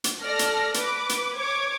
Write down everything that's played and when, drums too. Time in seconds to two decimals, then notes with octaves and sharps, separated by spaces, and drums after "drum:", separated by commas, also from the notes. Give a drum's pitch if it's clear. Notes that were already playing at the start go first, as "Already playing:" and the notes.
0.04 drum: hi-hat
0.23 A4 D5 F6 A#6
0.39 drum: hi-hat
0.74 B4 D6, drum: hi-hat
1.09 drum: hi-hat
1.36 C#5 D6 G#6